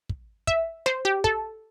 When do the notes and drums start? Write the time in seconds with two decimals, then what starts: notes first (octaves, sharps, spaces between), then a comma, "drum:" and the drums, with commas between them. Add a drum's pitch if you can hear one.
0.09 drum: kick
0.47 E5, drum: kick
0.86 C5, drum: snare
1.05 G4
1.24 A4, drum: kick